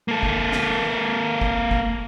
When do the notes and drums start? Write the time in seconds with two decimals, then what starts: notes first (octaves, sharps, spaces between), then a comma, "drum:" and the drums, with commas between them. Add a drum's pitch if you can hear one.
0.08 A#3 A4
0.23 drum: kick
0.52 drum: snare
1.41 drum: kick
1.71 drum: kick